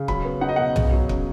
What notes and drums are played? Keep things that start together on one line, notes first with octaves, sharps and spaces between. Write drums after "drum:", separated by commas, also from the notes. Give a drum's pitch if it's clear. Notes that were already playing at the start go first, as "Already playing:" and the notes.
Already playing: C#3
F#3 B5, drum: kick
B3
D#4 F#5
D#5
B2 F#5
C#3, drum: tom B1
F#3
C#4, drum: kick